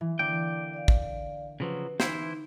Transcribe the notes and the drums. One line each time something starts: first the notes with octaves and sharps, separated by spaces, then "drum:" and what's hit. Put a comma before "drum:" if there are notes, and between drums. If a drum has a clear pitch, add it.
E3
D3 A#3 D5 G5 D6
D5 F5
drum: kick
C#3 F3 F#3 B4
E3 D#4 E4 C5, drum: snare